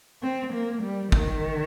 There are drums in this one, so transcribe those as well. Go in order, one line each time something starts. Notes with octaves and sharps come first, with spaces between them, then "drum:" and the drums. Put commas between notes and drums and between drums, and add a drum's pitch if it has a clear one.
C4
A#3
G3
D#3, drum: kick